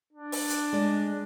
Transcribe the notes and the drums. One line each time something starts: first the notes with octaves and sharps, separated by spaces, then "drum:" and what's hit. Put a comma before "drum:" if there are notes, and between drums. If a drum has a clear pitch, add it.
D4
drum: open hi-hat
drum: hi-hat
G#3 D5